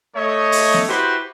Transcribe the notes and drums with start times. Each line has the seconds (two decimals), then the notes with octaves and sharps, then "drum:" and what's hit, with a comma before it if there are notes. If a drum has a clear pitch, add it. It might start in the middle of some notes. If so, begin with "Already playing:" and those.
0.15 A3 C#5 D#5
0.52 drum: open hi-hat
0.74 drum: snare B3
0.88 E4 F#4 G4 B4 C5 C6